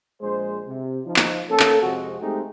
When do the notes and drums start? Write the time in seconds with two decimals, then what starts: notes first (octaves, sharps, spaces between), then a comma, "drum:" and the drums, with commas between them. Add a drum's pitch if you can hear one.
0.21 A#1 G#3 C5
0.67 C3
1.05 F3 D#4
1.16 drum: clap
1.49 A#3 C#4 A4
1.60 drum: clap
1.81 F2 C3 G#3 F#4
2.21 G#3 A3 C4 D#4 G4